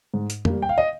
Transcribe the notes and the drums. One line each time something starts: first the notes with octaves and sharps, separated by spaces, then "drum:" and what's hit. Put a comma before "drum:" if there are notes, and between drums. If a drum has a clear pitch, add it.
G#2
drum: hi-hat
G3 A#3, drum: tom F2
G5
F5
D#5